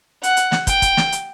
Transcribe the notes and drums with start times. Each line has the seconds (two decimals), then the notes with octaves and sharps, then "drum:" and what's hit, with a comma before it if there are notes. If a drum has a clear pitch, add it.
0.23 F#5, drum: hi-hat
0.37 drum: hi-hat
0.52 drum: snare
0.67 G5, drum: kick, hi-hat
0.82 drum: kick, hi-hat
0.97 drum: snare
1.12 drum: hi-hat